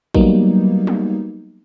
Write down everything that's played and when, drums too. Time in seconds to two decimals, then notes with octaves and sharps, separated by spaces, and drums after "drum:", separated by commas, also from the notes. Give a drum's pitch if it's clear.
0.15 F#3 G3 A#3 B3 D#4, drum: kick
0.87 drum: tom